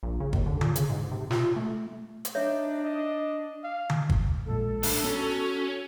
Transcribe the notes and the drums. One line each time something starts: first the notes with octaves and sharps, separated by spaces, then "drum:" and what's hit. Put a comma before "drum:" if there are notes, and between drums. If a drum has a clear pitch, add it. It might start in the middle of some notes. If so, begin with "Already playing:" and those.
A#1
C#3
D#2, drum: kick
D3
A#2, drum: tom D3
C#3, drum: hi-hat
G#2
C3
F4, drum: snare
A3
drum: hi-hat
D4 D#4 C#5 E5
D#5
F5
drum: tom D3
drum: kick
A#1 A#2 G#3 A4
A2 D4, drum: open hi-hat
B3 C#4 F#4